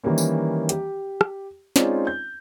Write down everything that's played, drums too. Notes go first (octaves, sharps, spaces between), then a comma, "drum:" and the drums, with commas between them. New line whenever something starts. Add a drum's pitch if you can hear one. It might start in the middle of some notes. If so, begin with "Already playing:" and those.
D#3 E3 G3 A#3 C#4
drum: tambourine
G4, drum: hi-hat
drum: rim click
G#3 C4 C#4 D#4 F4 D5, drum: snare
G6